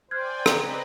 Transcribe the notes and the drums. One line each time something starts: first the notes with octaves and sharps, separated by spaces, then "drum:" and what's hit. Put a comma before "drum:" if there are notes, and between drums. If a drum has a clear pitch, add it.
C5 D5 G5 G#5 F6 F#6 G#6
C4 B4 D#5 A#5, drum: rim click